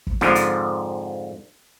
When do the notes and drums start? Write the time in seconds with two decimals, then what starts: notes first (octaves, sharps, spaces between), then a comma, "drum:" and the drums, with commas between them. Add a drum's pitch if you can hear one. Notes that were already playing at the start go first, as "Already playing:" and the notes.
0.07 drum: kick
0.21 F2 G#2 D3 F3, drum: snare
0.35 drum: hi-hat